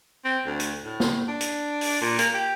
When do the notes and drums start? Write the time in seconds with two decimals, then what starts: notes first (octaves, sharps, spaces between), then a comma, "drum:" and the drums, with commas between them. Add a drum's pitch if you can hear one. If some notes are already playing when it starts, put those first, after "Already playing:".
0.25 C4
0.46 D2
0.60 drum: hi-hat
0.84 A2
1.00 drum: snare
1.28 D4
1.41 drum: hi-hat
1.81 drum: open hi-hat
2.01 A#2
2.19 A#3, drum: hi-hat
2.34 G4